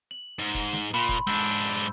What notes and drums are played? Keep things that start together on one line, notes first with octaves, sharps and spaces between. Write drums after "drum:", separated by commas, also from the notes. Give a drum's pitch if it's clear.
F#7
G#2
drum: kick F1, hi-hat
drum: snare
A#2 B5 C6
drum: kick F1, hi-hat
G#2 D4 E6 G6, drum: hi-hat
drum: hi-hat
drum: hi-hat